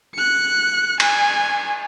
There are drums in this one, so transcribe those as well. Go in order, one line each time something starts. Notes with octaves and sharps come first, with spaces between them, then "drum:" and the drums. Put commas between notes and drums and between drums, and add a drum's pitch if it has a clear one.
F#6 C#7
G#5, drum: cymbal